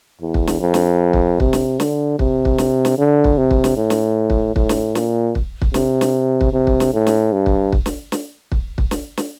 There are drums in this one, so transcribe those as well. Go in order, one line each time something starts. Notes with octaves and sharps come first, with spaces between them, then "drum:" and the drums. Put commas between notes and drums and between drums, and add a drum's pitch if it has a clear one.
E2
drum: kick
drum: snare
F2
drum: snare
drum: kick
C3, drum: kick
drum: snare
D3, drum: snare
C3, drum: kick
drum: kick
drum: snare
drum: snare
D3
drum: kick
C3
drum: kick
drum: snare
A2
drum: snare
drum: kick
A2, drum: kick
drum: snare
A#2, drum: snare
drum: kick
drum: kick
C3, drum: snare
drum: snare
drum: kick
C3
drum: kick
drum: snare
A2
drum: snare
G2
drum: kick
drum: kick
drum: snare
drum: snare
drum: kick
drum: kick
drum: snare
drum: snare